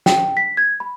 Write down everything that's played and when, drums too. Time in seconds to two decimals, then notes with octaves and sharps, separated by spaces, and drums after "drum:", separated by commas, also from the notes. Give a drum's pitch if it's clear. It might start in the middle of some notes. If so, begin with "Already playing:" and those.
0.06 G5, drum: snare
0.37 B6
0.57 G#6
0.80 B5